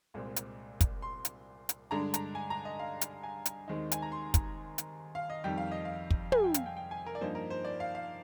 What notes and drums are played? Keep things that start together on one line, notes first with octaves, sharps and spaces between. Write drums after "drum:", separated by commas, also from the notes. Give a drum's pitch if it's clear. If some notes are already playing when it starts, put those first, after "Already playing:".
C2 A#2 G#3 C4
drum: hi-hat
drum: kick, hi-hat
C6
drum: hi-hat
drum: hi-hat
G2 D3 G#3 D4 A#5
A#5, drum: hi-hat
G#5
A#5
D#5
F5
drum: hi-hat
G#5
drum: hi-hat
D#2 D#3 G#3 C4 D#4
G#5, drum: hi-hat
A#5
C6
drum: kick, hi-hat
drum: hi-hat
F5
D#5
F2 D#3 G3 G5
F5
D#5
F5
drum: kick
G#5, drum: tom
G5
F5, drum: hi-hat
G5
G5
G#5
A#4
D5
G2 F3 A#3 D#4 C5
A#4
C5
D5
F5
F5